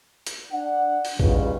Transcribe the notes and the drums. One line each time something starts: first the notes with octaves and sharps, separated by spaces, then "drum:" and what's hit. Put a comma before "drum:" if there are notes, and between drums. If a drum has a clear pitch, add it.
drum: hi-hat
D4 F#5
drum: open hi-hat
E2 C#3 G3 D#4 F4 B4, drum: kick